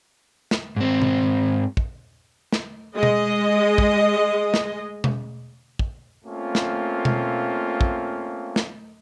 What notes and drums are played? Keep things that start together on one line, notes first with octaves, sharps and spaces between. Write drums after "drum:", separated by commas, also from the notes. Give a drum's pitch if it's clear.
drum: snare
G#2 C4
drum: tom B2
drum: kick
drum: snare
G#3 D#5
drum: tom B2
drum: kick
drum: snare
drum: tom B2
drum: kick
A3 A#3 C4 C#4 F4
drum: snare
drum: tom B2
drum: kick
drum: snare